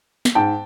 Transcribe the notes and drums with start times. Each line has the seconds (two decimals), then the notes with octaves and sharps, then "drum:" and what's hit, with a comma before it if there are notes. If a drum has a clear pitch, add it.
0.25 drum: snare
0.35 G#2 G5 A5